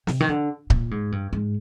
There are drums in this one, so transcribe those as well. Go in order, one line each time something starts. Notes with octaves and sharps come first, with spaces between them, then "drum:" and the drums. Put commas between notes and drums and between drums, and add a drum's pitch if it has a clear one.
C3, drum: snare
D#3
D3
A#2, drum: kick C#1
G#2
G2
G#2